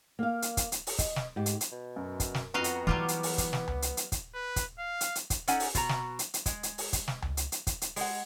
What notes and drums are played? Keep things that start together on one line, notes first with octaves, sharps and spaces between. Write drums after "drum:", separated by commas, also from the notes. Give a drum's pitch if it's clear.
A#3 F5
drum: hi-hat
drum: kick, hi-hat
drum: hi-hat
drum: open hi-hat
D#5, drum: kick, hi-hat
drum: snare
G#2 G4
drum: hi-hat
drum: hi-hat
B2
F#2
drum: kick, hi-hat
drum: snare
F2 B3 F#4 D#5 F5 A#5
drum: hi-hat
E3 F#3 G3 E4 F4 D6 F6
drum: hi-hat
drum: open hi-hat
drum: kick, hi-hat
drum: snare
drum: tom C#2
drum: hi-hat
drum: hi-hat
drum: kick, hi-hat
B4
drum: kick, hi-hat
F5
drum: hi-hat
drum: hi-hat
drum: kick, hi-hat
C#4 D#4 A4 D5 F#5 G#5, drum: hi-hat
drum: open hi-hat
B2 F#4 A#5, drum: kick, hi-hat
drum: snare
drum: hi-hat
drum: hi-hat
G#3, drum: kick, hi-hat
drum: hi-hat
drum: open hi-hat
drum: kick, hi-hat
drum: snare
drum: tom C#2
drum: hi-hat
drum: hi-hat
drum: kick, hi-hat
drum: hi-hat
G#3 F#5, drum: open hi-hat